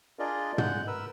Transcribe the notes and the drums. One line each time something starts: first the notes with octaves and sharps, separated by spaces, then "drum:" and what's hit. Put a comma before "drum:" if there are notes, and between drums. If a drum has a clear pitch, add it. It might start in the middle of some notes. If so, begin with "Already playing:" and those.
D4 F4 G#4 A#4 D5 D#5
G#3 F#5 F#6 G6, drum: tom
A#4 B4 E6